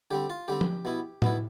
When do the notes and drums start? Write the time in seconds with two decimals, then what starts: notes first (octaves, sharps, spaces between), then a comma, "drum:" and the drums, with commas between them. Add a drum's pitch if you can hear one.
0.11 D3 G3 C4 G4
0.30 F4
0.48 D3 G3 C4 G4
0.61 drum: tom
0.85 B2 B3 E4
1.22 B2 B3 E4, drum: tom A2